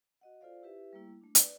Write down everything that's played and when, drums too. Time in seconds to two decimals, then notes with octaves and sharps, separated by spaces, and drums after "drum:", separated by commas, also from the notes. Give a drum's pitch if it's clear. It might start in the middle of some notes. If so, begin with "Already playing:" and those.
0.21 F#4 D#5 F#5
0.41 F4 A4 C5 D5 F5
0.63 E4 G4 B4 E5
0.93 G3 A3 A#3 E4
1.21 A3 D4
1.35 B4 D5, drum: hi-hat